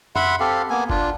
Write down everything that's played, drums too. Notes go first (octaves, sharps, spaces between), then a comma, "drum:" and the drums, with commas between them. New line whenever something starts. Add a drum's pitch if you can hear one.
E5 F#5 B5 C6, drum: tom F2
C4 G4 A4 F5
A#3 B3 G#5
D4 F4, drum: kick F1